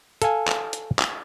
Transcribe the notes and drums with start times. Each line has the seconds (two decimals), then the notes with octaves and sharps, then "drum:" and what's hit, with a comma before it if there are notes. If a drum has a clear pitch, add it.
0.22 A4 F5 G#5, drum: hi-hat
0.47 drum: clap
0.73 drum: hi-hat
0.99 drum: clap